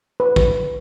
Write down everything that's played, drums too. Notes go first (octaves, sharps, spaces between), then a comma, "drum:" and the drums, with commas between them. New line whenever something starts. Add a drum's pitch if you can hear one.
B4
drum: kick